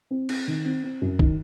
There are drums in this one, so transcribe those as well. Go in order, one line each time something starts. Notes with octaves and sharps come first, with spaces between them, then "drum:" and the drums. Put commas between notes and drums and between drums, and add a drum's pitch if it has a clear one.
C4
C4, drum: cymbal
D#3
C4
C4
F#2
D#3, drum: kick